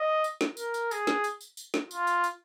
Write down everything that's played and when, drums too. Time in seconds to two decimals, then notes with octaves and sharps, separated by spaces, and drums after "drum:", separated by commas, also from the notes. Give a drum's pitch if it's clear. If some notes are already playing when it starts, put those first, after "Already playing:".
Already playing: D#5
0.24 drum: tambourine
0.41 drum: snare
0.57 A#4, drum: tambourine
0.74 drum: tambourine
0.91 G#4, drum: tambourine
1.07 drum: snare
1.24 drum: tambourine
1.41 drum: tambourine
1.57 drum: tambourine
1.74 drum: snare
1.91 F4, drum: tambourine
2.07 drum: tambourine
2.24 drum: tambourine